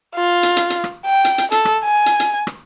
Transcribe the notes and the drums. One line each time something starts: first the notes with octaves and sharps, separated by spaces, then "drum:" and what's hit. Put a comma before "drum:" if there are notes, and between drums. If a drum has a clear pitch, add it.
F4
drum: hi-hat
drum: hi-hat
drum: hi-hat
drum: rim click
G5
drum: hi-hat
drum: hi-hat
A4, drum: hi-hat
drum: rim click
G#5
drum: hi-hat
drum: hi-hat
drum: rim click